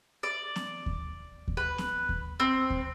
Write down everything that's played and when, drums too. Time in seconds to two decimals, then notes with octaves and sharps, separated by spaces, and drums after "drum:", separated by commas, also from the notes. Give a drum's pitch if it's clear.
0.23 D5
0.56 drum: snare
0.86 drum: kick D#2
1.48 drum: kick D#2
1.57 B4
1.78 drum: snare
2.09 drum: kick D#2
2.40 C4
2.70 drum: kick D#2